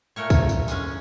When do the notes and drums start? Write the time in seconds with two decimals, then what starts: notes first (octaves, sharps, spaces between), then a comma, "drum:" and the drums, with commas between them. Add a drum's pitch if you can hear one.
0.16 A#2 A3 A#4 C#5
0.30 drum: kick, tambourine
0.49 drum: tambourine
0.68 G#3 C#4, drum: tambourine